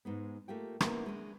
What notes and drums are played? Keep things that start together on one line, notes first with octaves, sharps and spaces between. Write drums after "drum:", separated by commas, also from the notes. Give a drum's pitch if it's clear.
G#2 G#3 B3
A3 A#3 F4 G4 G5
A#3 B3 C#4 E4, drum: rim click
G#3 D4